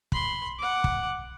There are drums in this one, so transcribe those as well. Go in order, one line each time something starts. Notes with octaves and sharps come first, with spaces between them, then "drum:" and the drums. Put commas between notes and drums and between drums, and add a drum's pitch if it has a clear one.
B5 C6, drum: kick
F#5 D6
drum: kick